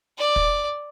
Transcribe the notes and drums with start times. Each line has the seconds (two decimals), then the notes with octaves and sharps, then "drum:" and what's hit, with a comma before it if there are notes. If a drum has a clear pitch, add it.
0.18 D5
0.36 drum: kick